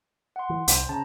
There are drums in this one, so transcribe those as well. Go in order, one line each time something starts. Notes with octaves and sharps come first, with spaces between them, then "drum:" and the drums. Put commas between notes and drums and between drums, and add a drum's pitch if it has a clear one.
F#5 C6
E3
C2 C5, drum: hi-hat
C#3 A5 A#5